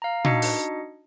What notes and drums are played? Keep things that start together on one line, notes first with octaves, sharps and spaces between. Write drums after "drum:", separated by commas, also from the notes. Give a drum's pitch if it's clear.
F5 A#5
D4 D#4 F#4 D#5 C#7, drum: tom A#2
drum: open hi-hat